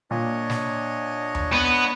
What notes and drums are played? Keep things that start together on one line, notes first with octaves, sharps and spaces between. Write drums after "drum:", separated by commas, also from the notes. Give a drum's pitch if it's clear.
A#2 D4 C#5 D#5
drum: snare
drum: tom D#2
B3